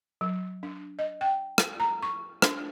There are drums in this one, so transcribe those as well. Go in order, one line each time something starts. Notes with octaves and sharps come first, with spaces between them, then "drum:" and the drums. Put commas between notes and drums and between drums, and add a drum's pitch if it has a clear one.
F#3
D4
D#5
G5
drum: rim click
A#5
C#6
D4, drum: rim click